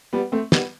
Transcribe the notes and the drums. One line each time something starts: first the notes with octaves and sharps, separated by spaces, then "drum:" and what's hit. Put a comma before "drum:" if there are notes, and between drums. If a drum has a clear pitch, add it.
G3 B3
A3 C4
G3 B3, drum: snare